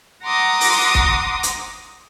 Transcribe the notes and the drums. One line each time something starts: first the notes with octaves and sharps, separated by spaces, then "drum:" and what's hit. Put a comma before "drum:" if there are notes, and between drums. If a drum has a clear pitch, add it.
F#5 A#5 C6 D6 D#6
drum: open hi-hat
drum: kick
drum: hi-hat